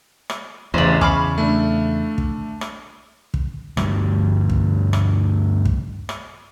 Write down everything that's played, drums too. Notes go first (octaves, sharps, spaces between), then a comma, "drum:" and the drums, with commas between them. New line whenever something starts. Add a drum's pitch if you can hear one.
drum: rim click
A1 E2 C#3 D4 C5
F5 G#5 B5 C#6 D6 F6, drum: kick
A3 D4
drum: kick
drum: rim click
drum: kick
D2 G2 G3, drum: rim click
drum: kick
drum: rim click
drum: kick
drum: rim click